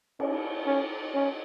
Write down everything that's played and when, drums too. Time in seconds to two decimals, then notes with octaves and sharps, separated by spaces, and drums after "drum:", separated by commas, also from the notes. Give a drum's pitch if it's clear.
0.20 C#4, drum: cymbal
0.66 C#4
1.14 C#4